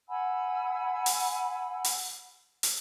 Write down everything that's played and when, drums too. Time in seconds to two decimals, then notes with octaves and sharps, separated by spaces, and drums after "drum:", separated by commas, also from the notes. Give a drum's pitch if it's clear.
0.08 F#5 G#5 B5 E6
1.06 drum: open hi-hat
1.84 drum: open hi-hat
2.63 drum: open hi-hat